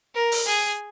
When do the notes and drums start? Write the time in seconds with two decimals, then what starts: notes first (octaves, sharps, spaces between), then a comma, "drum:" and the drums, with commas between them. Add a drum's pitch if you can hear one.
0.14 A#4
0.32 drum: open hi-hat
0.46 G#4